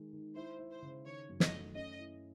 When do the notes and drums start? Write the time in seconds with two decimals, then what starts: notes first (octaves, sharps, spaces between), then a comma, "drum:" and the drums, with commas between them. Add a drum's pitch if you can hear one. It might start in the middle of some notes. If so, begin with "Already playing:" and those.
Already playing: D#3 G#3
0.13 D#3
0.36 E4 C5
0.59 E4
0.71 C5
0.82 C#3
1.05 D#3 C#5
1.29 F#2
1.40 D#5, drum: snare
1.52 A3
1.75 C#4 D#5
1.99 E4